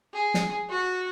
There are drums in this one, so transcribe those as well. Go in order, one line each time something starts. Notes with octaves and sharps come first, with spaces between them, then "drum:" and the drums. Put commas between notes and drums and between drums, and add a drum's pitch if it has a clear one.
G#4
drum: snare
F#4